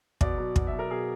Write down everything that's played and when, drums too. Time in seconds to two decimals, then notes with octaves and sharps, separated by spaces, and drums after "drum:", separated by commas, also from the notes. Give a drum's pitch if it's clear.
0.21 B2 D5, drum: kick
0.38 F#3
0.56 B2, drum: kick
0.67 E5
0.73 F#3
0.79 A#4
0.90 B2 G#4